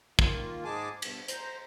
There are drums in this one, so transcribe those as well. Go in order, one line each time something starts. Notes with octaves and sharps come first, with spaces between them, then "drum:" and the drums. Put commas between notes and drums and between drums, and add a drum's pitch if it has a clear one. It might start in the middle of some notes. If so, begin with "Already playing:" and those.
D#3 A#3 F4, drum: kick
G#2 G#3 G#4 G#5 A5 D6
G2 B2, drum: cymbal
C5 A#5, drum: hi-hat